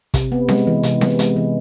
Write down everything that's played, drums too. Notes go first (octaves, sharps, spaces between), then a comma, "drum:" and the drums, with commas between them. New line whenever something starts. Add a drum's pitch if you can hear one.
C3, drum: kick, hi-hat
B3
G#3, drum: snare C4
E3
C3, drum: hi-hat
B3, drum: snare C4
G#3, drum: hi-hat
E3